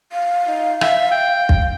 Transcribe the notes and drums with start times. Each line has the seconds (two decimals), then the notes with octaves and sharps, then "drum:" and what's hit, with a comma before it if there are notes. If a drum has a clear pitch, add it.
0.12 F5
0.48 D#4
0.81 E5, drum: rim click
1.11 G5
1.49 drum: kick